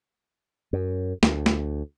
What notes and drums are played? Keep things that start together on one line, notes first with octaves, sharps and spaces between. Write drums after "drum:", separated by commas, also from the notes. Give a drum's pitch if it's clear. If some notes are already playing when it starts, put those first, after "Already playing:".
F#2
D2, drum: snare
drum: snare